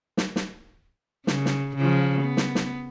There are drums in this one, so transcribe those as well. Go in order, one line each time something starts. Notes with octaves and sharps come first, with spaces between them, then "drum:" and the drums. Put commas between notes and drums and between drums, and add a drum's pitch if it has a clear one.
drum: snare
drum: snare
C#3, drum: snare
drum: snare
C#3 F3
B3
drum: snare
drum: snare